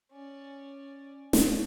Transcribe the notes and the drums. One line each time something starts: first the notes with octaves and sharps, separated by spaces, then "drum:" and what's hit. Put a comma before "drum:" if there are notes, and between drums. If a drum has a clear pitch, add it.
C#4 D5
drum: snare